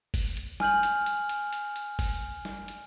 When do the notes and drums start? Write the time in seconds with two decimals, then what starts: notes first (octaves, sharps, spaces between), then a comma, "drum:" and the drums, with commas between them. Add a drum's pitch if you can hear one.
0.14 drum: kick F#1, open hi-hat
0.37 drum: hi-hat
0.60 G#5 F6 G6 F#7, drum: snare
0.83 drum: hi-hat
1.06 drum: hi-hat
1.29 drum: hi-hat
1.53 drum: hi-hat
1.76 drum: hi-hat
1.99 drum: kick F#1, open hi-hat
2.45 drum: snare
2.68 drum: hi-hat